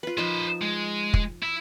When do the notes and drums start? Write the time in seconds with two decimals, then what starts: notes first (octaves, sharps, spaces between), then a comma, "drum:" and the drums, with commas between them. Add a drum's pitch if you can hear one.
0.03 F4 B4
0.18 F3 D#4 F4 B4 C5
0.62 G#3
1.14 drum: kick
1.43 E4